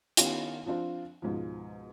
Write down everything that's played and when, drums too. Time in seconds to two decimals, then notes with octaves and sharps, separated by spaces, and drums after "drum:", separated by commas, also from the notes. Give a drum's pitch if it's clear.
0.17 D#3 B3 C#4 E4 F4 G4, drum: hi-hat
0.66 F3 C4 D4 F4 C5
1.22 C#2 G#2 B2 F3